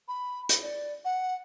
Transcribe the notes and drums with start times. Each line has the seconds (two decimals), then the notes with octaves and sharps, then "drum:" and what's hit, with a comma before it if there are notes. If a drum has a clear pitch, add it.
0.08 B5
0.49 drum: hi-hat
0.62 D5
1.05 F#5